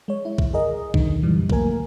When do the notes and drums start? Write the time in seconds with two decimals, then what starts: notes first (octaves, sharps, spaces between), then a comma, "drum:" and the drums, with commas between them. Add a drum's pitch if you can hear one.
0.08 G#3 C#5
0.25 E4
0.38 drum: kick
0.53 G#4 A#4 D#5
0.94 D2 B2 D3 D#3, drum: kick
1.23 F#2 A#2 D#3 E3 G3
1.50 F#3 A3 A#3 A#4 G#5, drum: kick